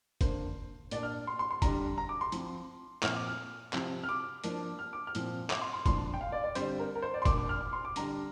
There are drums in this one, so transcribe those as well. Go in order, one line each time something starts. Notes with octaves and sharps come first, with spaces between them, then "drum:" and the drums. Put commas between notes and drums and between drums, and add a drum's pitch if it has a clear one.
D3 A#3 D4 C5, drum: kick, hi-hat
A#2 A#3 D4 D5, drum: hi-hat
F6
C6
C6
C6
D3 G3 D4 A#5, drum: kick, hi-hat
A#5
D6
C6
F3 C4, drum: hi-hat
A#2 F3 C4 F6, drum: clap
D6
F6
C3 F3 C4, drum: clap
F6
D6
F3 A#3 D4, drum: hi-hat
F6
D6
F6
A#2 F3 C4, drum: hi-hat
D6, drum: clap
C6
C6
A#2 F3 D4 C6, drum: kick, hi-hat
G5
F5
D5
D5
D3 G3 C4 C5, drum: hi-hat
A#4
A#4
C5
D5
C6
A#2 A#3 D4 D6, drum: kick, hi-hat
D6
F6
D6
C6
D6
D3 G3 D4 A#5, drum: hi-hat